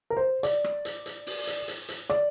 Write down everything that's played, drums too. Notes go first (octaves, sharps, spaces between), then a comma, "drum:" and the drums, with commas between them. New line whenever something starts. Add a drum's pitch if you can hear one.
A#4
C5
D5, drum: hi-hat
drum: rim click
drum: hi-hat
drum: hi-hat
drum: open hi-hat
drum: hi-hat
drum: hi-hat
drum: hi-hat
D5, drum: rim click